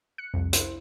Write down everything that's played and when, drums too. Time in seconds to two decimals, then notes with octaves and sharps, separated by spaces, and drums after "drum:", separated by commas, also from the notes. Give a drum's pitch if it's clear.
0.18 F#6 C#7
0.34 C2 F2
0.53 E4 C5, drum: hi-hat